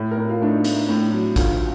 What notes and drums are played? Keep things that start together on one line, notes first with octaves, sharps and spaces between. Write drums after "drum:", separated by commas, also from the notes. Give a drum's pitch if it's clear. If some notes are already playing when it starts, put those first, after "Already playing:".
Already playing: A2
A#4
A2
F4
A3 D4
D#4
A3, drum: hi-hat
A2
F#3
D2 F4, drum: kick A1, hi-hat